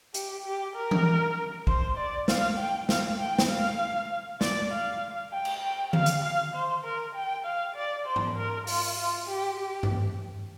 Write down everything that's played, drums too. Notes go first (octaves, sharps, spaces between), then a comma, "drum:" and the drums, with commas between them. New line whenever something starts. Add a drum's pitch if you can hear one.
G4, drum: hi-hat
G4
A#4
drum: tom E3
C5, drum: kick
D5
F5, drum: snare
G5
F5, drum: snare
G5
drum: snare
F5
D5, drum: snare
F5
G5
drum: cymbal
G5
F5, drum: tom D3
drum: hi-hat
F5
C5
A#4
G5
F5
D5
C5
drum: tom
A#4
F4, drum: open hi-hat
F4
G4
G4
drum: tom G2